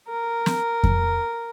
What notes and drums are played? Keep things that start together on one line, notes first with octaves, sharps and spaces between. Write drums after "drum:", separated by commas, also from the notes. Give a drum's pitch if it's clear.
A#4
drum: snare
drum: kick F2